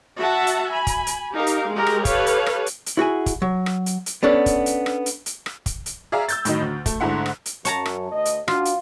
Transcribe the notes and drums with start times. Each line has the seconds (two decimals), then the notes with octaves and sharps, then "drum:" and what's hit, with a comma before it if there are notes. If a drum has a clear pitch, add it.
0.20 F#4 E5 F#5 A5
0.47 drum: hi-hat
0.72 G#5 B5
0.87 drum: kick, hi-hat
1.07 drum: hi-hat
1.35 D#4 G4 A#4 F5
1.47 drum: hi-hat
1.71 G#3 F#4 G4 A#4
1.87 drum: rim click
2.05 G4 A4 B4 C#5 F5, drum: kick, hi-hat
2.26 drum: hi-hat
2.46 drum: rim click
2.66 drum: hi-hat
2.86 drum: hi-hat
2.97 E4 F#4 G#4 G#5
3.26 drum: kick, hi-hat
3.42 F#3
3.66 drum: rim click
3.86 drum: hi-hat
4.06 drum: hi-hat
4.23 B3 C#4 D4 A4
4.46 drum: kick, hi-hat
4.66 drum: hi-hat
4.86 drum: rim click
5.06 drum: hi-hat
5.26 drum: hi-hat
5.46 drum: rim click
5.66 drum: kick, hi-hat
5.86 drum: hi-hat
6.12 G#4 D5 E5 F5 A#5
6.29 E6 G6 A6, drum: hi-hat
6.45 A2 D#3 F#3 D#4, drum: hi-hat
6.61 D2
6.86 A3, drum: kick, hi-hat
7.00 G#2 D3 A3 E4 F#5 C6
7.26 drum: rim click
7.46 drum: hi-hat
7.65 F#2 C#5 A5 A#5, drum: hi-hat
7.86 drum: rim click
8.12 D2 A3 D#5
8.25 drum: hi-hat
8.48 D4 F4 F#4, drum: rim click
8.65 drum: hi-hat